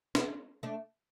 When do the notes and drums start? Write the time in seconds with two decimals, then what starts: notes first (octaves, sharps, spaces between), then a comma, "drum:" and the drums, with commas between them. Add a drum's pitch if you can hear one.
0.15 B3 E4, drum: snare
0.63 A3 D4